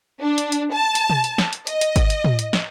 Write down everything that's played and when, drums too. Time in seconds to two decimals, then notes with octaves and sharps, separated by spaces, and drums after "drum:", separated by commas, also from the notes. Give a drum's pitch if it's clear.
0.21 D4
0.38 drum: hi-hat
0.52 drum: hi-hat
0.74 A5
0.95 drum: hi-hat
1.10 drum: tom
1.24 drum: hi-hat
1.38 drum: snare
1.53 drum: hi-hat
1.67 D#5, drum: hi-hat
1.81 drum: hi-hat
1.96 drum: kick G#1, hi-hat
2.10 drum: hi-hat
2.24 drum: tom
2.39 drum: hi-hat
2.53 drum: snare